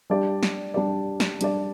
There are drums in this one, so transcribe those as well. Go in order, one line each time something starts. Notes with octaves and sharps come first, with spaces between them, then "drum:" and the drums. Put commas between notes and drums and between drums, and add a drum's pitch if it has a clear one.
G3 D4 G4 D5
drum: snare
G3 D4 G4 D5
drum: snare
G3 D4 G4 D5, drum: hi-hat